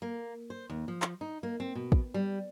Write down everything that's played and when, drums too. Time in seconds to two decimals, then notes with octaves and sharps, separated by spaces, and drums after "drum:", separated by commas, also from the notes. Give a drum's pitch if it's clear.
0.02 A#3
0.50 C5
0.70 D#2
0.88 F3
1.02 drum: clap
1.21 D#4
1.43 A#3
1.60 C4
1.75 B2
1.92 drum: kick
2.14 G3